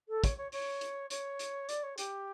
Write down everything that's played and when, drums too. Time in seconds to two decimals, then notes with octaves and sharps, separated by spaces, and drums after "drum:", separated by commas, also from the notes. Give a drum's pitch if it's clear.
0.09 A4
0.24 C#5, drum: kick, hi-hat
0.38 C#5
0.52 C#5, drum: open hi-hat
0.81 drum: hi-hat
1.10 C#5, drum: hi-hat
1.39 drum: hi-hat
1.69 D5, drum: hi-hat
1.83 C#5
1.98 G4, drum: hi-hat